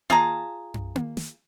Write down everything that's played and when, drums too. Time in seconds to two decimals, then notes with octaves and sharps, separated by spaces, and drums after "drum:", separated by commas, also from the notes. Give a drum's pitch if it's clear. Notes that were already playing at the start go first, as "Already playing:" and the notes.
0.10 F4 G#4 A5 A#5, drum: tom A#3
0.74 drum: tom
0.95 drum: tom A#3
1.17 drum: snare